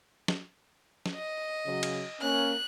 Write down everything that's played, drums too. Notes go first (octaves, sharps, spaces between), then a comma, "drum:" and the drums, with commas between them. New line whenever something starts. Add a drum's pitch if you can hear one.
drum: snare
drum: snare
D#5
C#3 F#3
drum: cymbal
A#3 C#4 F#6